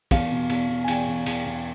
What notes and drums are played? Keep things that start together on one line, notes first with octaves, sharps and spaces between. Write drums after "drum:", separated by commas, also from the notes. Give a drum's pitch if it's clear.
E2 F5, drum: kick, cymbal
B2
E2, drum: cymbal
E2
G#5
E2 G5, drum: cymbal
E2
E2, drum: cymbal
E2